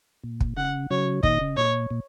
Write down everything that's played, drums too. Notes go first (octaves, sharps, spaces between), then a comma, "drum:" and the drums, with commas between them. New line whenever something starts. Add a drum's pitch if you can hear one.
A#2
drum: kick
C#3 F#5
C#3 F#3 C#5
A#2 D#3 D#5, drum: kick
C#3
A#2 C#5
A#2